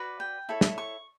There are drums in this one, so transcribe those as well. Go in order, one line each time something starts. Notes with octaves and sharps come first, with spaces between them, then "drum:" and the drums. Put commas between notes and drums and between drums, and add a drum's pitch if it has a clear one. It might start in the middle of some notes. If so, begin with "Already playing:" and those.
Already playing: F#4 B4 D5
G5
E4 A4 C#5
drum: snare
C#6